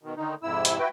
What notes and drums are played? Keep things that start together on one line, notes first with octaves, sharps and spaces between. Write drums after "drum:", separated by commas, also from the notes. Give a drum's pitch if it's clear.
B2 D#3
D3 D#3 D#4
F2 G#2 C3 E4 E6
drum: hi-hat
E4 F#4 B4 G5